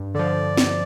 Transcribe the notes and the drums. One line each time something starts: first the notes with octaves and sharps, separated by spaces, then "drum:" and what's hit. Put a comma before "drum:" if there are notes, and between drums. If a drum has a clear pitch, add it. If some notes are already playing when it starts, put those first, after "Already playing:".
Already playing: G2
D3 F3 D5
drum: snare